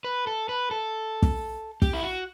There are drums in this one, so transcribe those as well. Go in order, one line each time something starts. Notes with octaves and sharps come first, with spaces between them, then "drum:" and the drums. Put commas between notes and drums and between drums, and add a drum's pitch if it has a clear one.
B4
A4
B4
A4
drum: kick
G4, drum: kick
E4
F#4